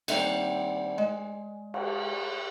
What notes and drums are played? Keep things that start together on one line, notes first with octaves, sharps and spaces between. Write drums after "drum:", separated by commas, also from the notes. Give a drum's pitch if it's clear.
D#2 E3 G3 C4 E5 F#5, drum: cymbal
G#3
drum: cymbal